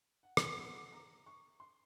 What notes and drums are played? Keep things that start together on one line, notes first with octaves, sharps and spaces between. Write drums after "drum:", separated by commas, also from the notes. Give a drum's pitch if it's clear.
F#5
G#5, drum: rim click
F#5
A#5
C#6
C6